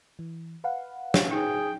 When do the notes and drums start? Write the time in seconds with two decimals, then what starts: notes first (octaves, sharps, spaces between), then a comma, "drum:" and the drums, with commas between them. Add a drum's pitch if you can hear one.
0.19 E3
0.64 B4 F5 F#5
1.14 drum: snare
1.31 D#4 G#4 G5